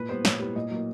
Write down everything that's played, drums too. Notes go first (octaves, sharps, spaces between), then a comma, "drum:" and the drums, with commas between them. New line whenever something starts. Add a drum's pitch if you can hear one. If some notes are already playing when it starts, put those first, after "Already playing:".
Already playing: A#2 B4
G3 B3 C5
A#2 C#5, drum: snare
G3 B3
A#2 D#5
F#3 A#3